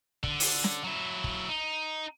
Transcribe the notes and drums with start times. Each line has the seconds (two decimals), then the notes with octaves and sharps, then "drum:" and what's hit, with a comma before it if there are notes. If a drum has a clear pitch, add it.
0.23 D3, drum: kick
0.40 drum: open hi-hat
0.64 drum: snare
0.84 F#3 E4
1.24 drum: kick
1.49 D#4